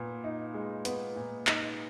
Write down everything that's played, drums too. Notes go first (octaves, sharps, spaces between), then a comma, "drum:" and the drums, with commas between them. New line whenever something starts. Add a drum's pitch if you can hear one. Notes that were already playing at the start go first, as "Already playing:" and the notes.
Already playing: A#2 B3
D#4
G#3
B3, drum: hi-hat
A#2
D#4, drum: clap